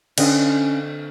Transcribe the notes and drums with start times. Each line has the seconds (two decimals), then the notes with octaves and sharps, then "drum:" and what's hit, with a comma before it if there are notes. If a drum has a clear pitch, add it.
0.18 D3 C4 C#4 D#5, drum: cymbal